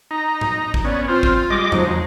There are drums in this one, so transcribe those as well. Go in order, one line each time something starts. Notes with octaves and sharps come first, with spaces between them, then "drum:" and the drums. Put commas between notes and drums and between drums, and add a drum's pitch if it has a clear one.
D#4 A#5
drum: tom A2
drum: kick
B3 C#4 D5
C4 F4 C5 F6
drum: kick
G3 G#3 D#5 D6
F3 F#3 G#3 D#4, drum: tom E2